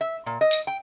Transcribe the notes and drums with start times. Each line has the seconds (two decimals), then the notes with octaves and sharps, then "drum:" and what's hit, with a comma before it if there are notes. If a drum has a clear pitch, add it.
0.01 E5
0.26 A#2
0.41 D#5
0.51 drum: tambourine
0.67 G5